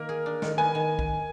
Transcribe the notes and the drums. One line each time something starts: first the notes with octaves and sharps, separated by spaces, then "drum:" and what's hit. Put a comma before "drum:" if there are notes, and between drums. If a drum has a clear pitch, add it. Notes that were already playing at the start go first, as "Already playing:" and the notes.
Already playing: D#3 A#3 A#4
G#4
D4
D#3, drum: snare
B3 G#5
D#3
drum: kick